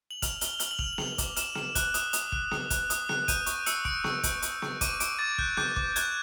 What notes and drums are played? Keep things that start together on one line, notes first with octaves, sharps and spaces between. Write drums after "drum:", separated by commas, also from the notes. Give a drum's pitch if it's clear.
F#7
F6 F7, drum: kick, hi-hat
F6 G7, drum: hi-hat
G7
F6 F#7, drum: hi-hat
F#7
F6 F7, drum: kick
F#7
F6 F7, drum: snare B3
D6, drum: kick, hi-hat
F6 E7, drum: hi-hat
F6, drum: snare B3
F#6, drum: kick, hi-hat
D#6, drum: hi-hat
D#6, drum: hi-hat
F#6, drum: kick
D#6, drum: snare B3
F#6, drum: kick, hi-hat
D#6, drum: hi-hat
F#6, drum: snare B3
G6 D#7, drum: kick, hi-hat
C#6, drum: hi-hat
E6 C#7, drum: hi-hat
C#6 D7, drum: kick
C#6, drum: snare B3
G6, drum: kick, hi-hat
C#6, drum: hi-hat
C#6, drum: snare B3
D6 D#7, drum: kick, hi-hat
D6 D7, drum: hi-hat
D6 A6
F#6 G6, drum: kick
D6 G6, drum: snare B3
D6, drum: kick
F#6 G#6, drum: hi-hat